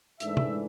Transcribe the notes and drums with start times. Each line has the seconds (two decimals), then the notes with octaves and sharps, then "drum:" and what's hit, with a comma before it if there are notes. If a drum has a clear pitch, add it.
0.20 G#2 E3 A3 D4 E5, drum: hi-hat
0.37 drum: tom